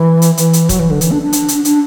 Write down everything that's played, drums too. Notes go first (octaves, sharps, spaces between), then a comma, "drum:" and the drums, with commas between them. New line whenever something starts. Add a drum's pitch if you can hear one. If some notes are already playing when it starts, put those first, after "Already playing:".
Already playing: E3
drum: hi-hat
E3, drum: hi-hat
drum: hi-hat
F#3, drum: kick, hi-hat
E3
D3
E3, drum: hi-hat
D4
D4
drum: hi-hat
drum: hi-hat
D4, drum: hi-hat